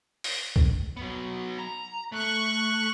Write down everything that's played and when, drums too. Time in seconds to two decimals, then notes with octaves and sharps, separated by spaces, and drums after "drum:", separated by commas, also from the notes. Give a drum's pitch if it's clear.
0.24 drum: open hi-hat
0.56 drum: kick
0.97 F#3 B3
1.59 A#5
2.12 A3 C#6 F#6